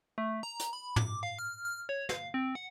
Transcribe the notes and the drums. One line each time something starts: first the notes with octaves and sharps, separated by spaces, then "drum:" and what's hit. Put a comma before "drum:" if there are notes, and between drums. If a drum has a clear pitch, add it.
A3
A#5
drum: hi-hat
B5
D6, drum: tom
F5
F6
F6
C#5
F5, drum: snare
C4
F#5